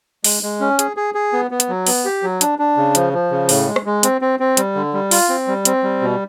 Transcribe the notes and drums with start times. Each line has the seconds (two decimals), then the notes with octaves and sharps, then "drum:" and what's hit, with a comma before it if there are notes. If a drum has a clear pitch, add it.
0.24 G#3, drum: open hi-hat
0.43 G#3
0.60 C#4
0.79 G#4, drum: hi-hat
0.97 G#4
1.14 G#4
1.33 B3
1.51 B3
1.60 drum: hi-hat
1.69 F#3
1.87 B3, drum: open hi-hat
2.05 G4
2.23 F#3
2.41 D4, drum: hi-hat
2.59 D4
2.77 C#3
2.95 F3, drum: hi-hat
3.13 F3
3.31 C#3
3.49 A2, drum: open hi-hat
3.67 G#3
3.76 drum: rim click
3.86 G#3
4.03 C4, drum: hi-hat
4.21 C4
4.40 C4
4.57 G3, drum: hi-hat
4.75 D3
4.94 G3
5.11 F4, drum: open hi-hat
5.29 C4
5.47 G3
5.65 C4, drum: hi-hat
5.83 G3
6.01 B2